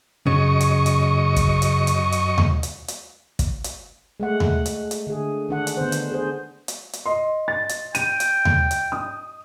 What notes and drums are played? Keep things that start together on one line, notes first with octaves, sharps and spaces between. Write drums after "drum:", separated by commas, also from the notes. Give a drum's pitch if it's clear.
F#2 C#3 D#5 C#6
drum: hi-hat
drum: hi-hat
drum: kick, hi-hat
drum: hi-hat
drum: hi-hat
drum: hi-hat
drum: tom D#2
drum: hi-hat
drum: hi-hat
drum: kick, hi-hat
drum: hi-hat
G#3 A3 F#5
drum: tom D#2
drum: hi-hat
drum: hi-hat
D3 G#4
D#3 D4 F#5
drum: hi-hat
D3 B3 C5
drum: hi-hat
G#4 C5
drum: hi-hat
drum: hi-hat
D#5 C6
A6
drum: hi-hat
G5 D#7, drum: hi-hat
drum: hi-hat
drum: tom D#2
drum: hi-hat
D#6